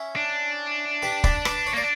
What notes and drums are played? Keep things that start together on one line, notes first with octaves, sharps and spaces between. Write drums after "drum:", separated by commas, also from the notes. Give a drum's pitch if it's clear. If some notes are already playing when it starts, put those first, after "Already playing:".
Already playing: C#4 E4
D4
G4 B4
B4 D5, drum: kick
B4 D5, drum: rim click
C#5
A#3
D5